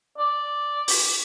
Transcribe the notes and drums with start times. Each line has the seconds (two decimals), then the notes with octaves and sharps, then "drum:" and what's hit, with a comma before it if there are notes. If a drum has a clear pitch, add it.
0.18 D5
0.88 drum: open hi-hat